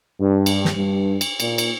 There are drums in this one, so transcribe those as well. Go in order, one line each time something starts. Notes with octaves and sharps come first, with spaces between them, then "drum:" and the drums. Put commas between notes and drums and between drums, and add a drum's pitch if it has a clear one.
G2
drum: cymbal
drum: snare
G2
drum: cymbal
A#2, drum: cymbal
drum: cymbal